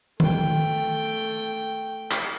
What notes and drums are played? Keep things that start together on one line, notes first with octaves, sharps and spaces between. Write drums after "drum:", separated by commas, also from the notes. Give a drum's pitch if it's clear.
A3 G5, drum: tom D#3
drum: clap